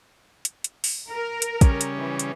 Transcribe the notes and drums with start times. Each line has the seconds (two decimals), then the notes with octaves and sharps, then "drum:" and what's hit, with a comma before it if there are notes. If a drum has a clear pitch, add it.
0.45 drum: hi-hat
0.64 drum: hi-hat
0.84 drum: open hi-hat
1.08 A#4
1.42 drum: hi-hat
1.61 C#3 G3 C#4, drum: kick, hi-hat
1.81 drum: hi-hat
1.97 E3
2.19 drum: hi-hat